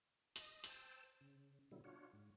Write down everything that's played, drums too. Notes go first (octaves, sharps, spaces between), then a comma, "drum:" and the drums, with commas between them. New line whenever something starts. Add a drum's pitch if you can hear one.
D#5, drum: hi-hat
C5 G5 A5 E6, drum: hi-hat
C#3
B2 D3 F#3 G3 E4
D4 F4 F#4 C#5
G#2